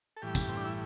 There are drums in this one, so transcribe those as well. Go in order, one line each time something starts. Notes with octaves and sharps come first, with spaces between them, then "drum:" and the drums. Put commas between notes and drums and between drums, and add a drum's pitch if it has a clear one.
A4
A2 E3 G3 G4
drum: kick, tambourine
C4
D4
E4